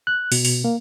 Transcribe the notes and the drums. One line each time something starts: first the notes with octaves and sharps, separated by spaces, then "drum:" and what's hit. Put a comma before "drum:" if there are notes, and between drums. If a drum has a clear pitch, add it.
F#6
B2, drum: open hi-hat
drum: open hi-hat
A#3